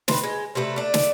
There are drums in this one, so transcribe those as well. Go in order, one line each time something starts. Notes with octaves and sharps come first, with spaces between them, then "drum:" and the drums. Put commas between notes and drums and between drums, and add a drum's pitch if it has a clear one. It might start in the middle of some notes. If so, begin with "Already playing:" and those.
C4 B4, drum: snare
G#3
C3 G3 A3 B4
A3 D4
drum: snare